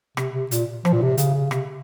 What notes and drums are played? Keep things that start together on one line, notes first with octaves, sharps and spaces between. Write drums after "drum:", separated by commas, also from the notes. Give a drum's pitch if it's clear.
C3, drum: rim click
C3
A#2, drum: hi-hat
F3, drum: rim click
A#2
C3
C#3, drum: hi-hat
C#3
C3, drum: rim click